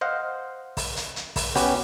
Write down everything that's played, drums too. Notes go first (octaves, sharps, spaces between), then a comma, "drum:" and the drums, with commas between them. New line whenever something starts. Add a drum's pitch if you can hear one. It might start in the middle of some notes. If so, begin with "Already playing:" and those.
C5 D#5 F5 F#5
drum: kick, open hi-hat
drum: hi-hat
drum: hi-hat
drum: kick, open hi-hat
B3 C#4 F#4 G4, drum: kick, open hi-hat